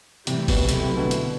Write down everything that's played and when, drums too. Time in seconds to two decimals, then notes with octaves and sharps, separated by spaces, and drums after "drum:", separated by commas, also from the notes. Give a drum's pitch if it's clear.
0.27 A2 C3 E3 G3, drum: hi-hat
0.48 B2, drum: kick, open hi-hat
0.69 C3 F#3 A3 E4, drum: hi-hat
0.83 C3
0.97 B2 D3
1.11 drum: hi-hat